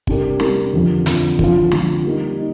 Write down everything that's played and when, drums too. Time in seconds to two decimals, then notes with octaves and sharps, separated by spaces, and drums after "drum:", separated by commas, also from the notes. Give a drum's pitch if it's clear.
0.07 C3 G3 D4 G4 A#4, drum: kick
0.40 C3 G3 D4 G4 A#4, drum: snare
0.73 F2 D3 F3 C4
1.06 F2 D3 F3 C4, drum: hi-hat
1.39 D3 F3 C4 F4, drum: kick
1.71 D3 F3 C4 F4, drum: snare
2.04 G3 A#3 D#4
2.38 D#4